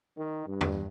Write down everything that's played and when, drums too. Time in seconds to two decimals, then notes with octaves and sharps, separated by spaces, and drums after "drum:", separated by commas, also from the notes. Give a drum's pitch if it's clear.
0.16 D#3
0.47 G2
0.61 drum: tom E2